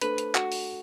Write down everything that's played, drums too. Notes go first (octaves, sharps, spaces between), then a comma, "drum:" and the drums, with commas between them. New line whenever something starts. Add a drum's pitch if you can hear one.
A3 D4 A4 B4 C5, drum: hi-hat
drum: hi-hat
F#4, drum: clap
drum: open hi-hat